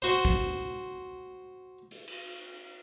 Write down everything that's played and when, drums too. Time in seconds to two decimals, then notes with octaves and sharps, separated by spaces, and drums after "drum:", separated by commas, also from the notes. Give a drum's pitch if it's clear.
0.02 F#4 C5
0.25 drum: kick
1.91 drum: hi-hat
2.07 drum: cymbal